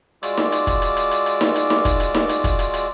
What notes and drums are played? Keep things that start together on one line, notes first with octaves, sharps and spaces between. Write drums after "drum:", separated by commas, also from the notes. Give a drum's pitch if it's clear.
G#3 F4 F#4 D5 D6 E6, drum: hi-hat
drum: snare D#4
drum: hi-hat
drum: kick, hi-hat
drum: hi-hat
drum: hi-hat
drum: hi-hat
drum: hi-hat
drum: snare D#4
drum: hi-hat
drum: snare D#4
drum: kick, hi-hat
drum: hi-hat
drum: snare D#4
drum: hi-hat
drum: kick, hi-hat
drum: hi-hat
drum: hi-hat